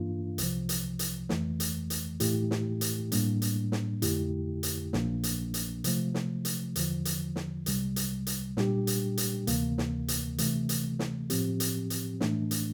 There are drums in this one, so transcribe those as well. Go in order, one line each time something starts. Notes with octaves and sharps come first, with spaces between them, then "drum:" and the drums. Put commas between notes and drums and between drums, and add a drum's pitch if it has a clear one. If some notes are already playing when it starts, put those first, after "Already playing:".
Already playing: G2 E3 A#3 D4 F4
C2 C3 F3, drum: hi-hat
drum: hi-hat
drum: hi-hat
F2 E3 A3, drum: snare
drum: hi-hat
drum: hi-hat
A2 E3 A3 E4 G4, drum: hi-hat
drum: snare
drum: hi-hat
A2 G3 A#3 D4, drum: hi-hat
drum: hi-hat
drum: snare
F2 D3 A3 E4 G4, drum: hi-hat
drum: hi-hat
A#1 A#2 F3 A#3 D4, drum: snare
drum: hi-hat
drum: hi-hat
C3 F3 A3, drum: hi-hat
drum: snare
drum: hi-hat
E2 D3 F3, drum: hi-hat
drum: hi-hat
drum: snare
C2 C3 G3, drum: hi-hat
drum: hi-hat
drum: hi-hat
A#2 G3 D4 G4, drum: snare
drum: hi-hat
drum: hi-hat
D2 C3 E3 A#3, drum: hi-hat
drum: snare
drum: hi-hat
C3 E3 A3, drum: hi-hat
drum: hi-hat
drum: snare
A2 F3 C4 G4, drum: hi-hat
drum: hi-hat
drum: hi-hat
A2 E3 A3 D4, drum: snare
drum: hi-hat